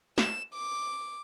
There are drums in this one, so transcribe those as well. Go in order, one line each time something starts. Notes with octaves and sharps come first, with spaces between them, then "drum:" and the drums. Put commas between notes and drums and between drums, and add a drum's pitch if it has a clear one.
E7, drum: snare
D6